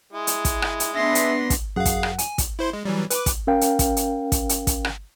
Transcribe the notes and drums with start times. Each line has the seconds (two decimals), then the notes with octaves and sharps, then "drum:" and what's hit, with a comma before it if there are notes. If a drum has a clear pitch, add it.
0.13 G#3 E4
0.27 drum: hi-hat
0.45 drum: kick, hi-hat
0.62 drum: rim click
0.80 drum: hi-hat
0.94 B3 D4 E5 C6 A#6
1.15 drum: hi-hat
1.50 drum: kick, hi-hat
1.76 F#2 G#4 F5 F#5
1.85 drum: kick, hi-hat
2.03 drum: rim click
2.19 G#5, drum: hi-hat
2.38 drum: kick, hi-hat
2.59 E4 C5 C6
2.73 G#3
2.85 E3 F#3 G3
3.10 B4 D6, drum: hi-hat
3.26 drum: kick, hi-hat
3.47 C#4 A#4 F5 G5
3.61 drum: hi-hat
3.79 drum: kick, hi-hat
3.97 drum: hi-hat
4.32 drum: kick, hi-hat
4.49 drum: hi-hat
4.67 drum: kick, hi-hat
4.85 drum: rim click